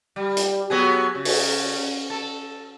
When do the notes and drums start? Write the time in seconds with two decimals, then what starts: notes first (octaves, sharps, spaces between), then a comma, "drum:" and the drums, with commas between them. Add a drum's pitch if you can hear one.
0.16 G3
0.37 drum: hi-hat
0.70 F#3 B3 G#4
1.15 C#3
1.25 drum: open hi-hat
2.10 A4